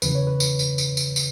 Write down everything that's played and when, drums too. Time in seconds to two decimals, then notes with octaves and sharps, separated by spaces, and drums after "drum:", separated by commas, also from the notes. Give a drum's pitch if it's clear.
0.02 E2 C#3 E3 B4, drum: tambourine
0.15 C#5
0.27 B4
0.40 drum: tambourine
0.59 drum: tambourine
0.78 drum: tambourine
0.97 drum: tambourine
1.16 drum: tambourine